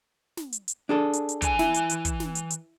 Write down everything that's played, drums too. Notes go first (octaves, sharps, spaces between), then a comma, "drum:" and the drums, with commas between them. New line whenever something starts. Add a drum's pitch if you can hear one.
drum: snare
drum: hi-hat
drum: hi-hat
D4 G#4 A4
drum: hi-hat
drum: hi-hat
E3 G#5, drum: kick, hi-hat
E4, drum: snare
drum: hi-hat
drum: hi-hat
drum: kick, hi-hat
drum: snare
drum: hi-hat
drum: hi-hat